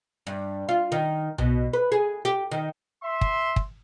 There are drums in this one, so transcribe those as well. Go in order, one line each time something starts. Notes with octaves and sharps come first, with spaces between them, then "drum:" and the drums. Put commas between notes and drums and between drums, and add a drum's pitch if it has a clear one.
G2
F4
D#3
B2, drum: tom B1
B4
G#4
G4
D#3
E5 C6
drum: kick
drum: kick